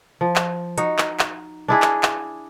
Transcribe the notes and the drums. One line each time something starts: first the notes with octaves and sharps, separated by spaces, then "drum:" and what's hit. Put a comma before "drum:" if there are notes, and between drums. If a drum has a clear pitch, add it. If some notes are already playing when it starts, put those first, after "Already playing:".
F3
drum: clap
D#4 F#4, drum: hi-hat
drum: clap
drum: clap
D4 E4 G#4
drum: clap
drum: clap